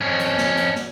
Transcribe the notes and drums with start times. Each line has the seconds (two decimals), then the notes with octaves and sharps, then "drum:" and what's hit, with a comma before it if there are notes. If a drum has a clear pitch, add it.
0.01 F2 C#4
0.19 drum: hi-hat
0.38 drum: snare
0.57 drum: hi-hat
0.76 drum: snare